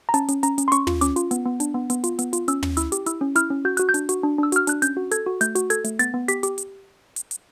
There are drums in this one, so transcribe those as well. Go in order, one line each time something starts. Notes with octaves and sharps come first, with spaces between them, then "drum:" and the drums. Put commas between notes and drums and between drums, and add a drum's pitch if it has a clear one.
A#5
C#4 A5, drum: hi-hat
C#4, drum: hi-hat
C#4 A#5, drum: hi-hat
C#4, drum: hi-hat
C6
C#4 C#6, drum: hi-hat
F4, drum: tom
C#4 D6, drum: hi-hat
F4, drum: hi-hat
B3, drum: hi-hat
B3
D4, drum: hi-hat
B3
B3, drum: hi-hat
F4, drum: hi-hat
B3, drum: hi-hat
F4, drum: hi-hat
C#4 E6, drum: hi-hat
C#4, drum: tom
E4 E6, drum: hi-hat
G4, drum: hi-hat
E4 E6, drum: hi-hat
C#4
E4 F6, drum: hi-hat
C#4
F#4 G6
F#4 F#6, drum: hi-hat
G6
D4, drum: hi-hat
F#4, drum: hi-hat
D4
D4
E6
F#4 F6, drum: hi-hat
D4 F#6, drum: hi-hat
C#4 G6, drum: hi-hat
F#4
A4 G#6, drum: hi-hat
F#4
A3 G6, drum: hi-hat
F#4, drum: hi-hat
A4 G#6, drum: hi-hat
A3, drum: hi-hat
B3 A6, drum: hi-hat
B3
G4 B6, drum: hi-hat
G4, drum: hi-hat
drum: hi-hat
drum: hi-hat
drum: hi-hat